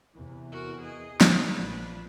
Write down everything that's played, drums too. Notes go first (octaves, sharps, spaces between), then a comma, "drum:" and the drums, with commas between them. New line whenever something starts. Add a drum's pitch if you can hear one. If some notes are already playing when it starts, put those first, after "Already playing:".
E2 C3 E3
F#4 A#4
G#4 D#5
D4 B4, drum: snare
A#1 F3